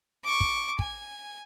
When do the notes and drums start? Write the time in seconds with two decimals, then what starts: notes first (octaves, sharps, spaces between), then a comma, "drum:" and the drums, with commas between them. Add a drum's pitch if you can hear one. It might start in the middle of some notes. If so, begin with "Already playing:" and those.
0.24 C#6 D6
0.40 drum: kick
0.79 G#5, drum: kick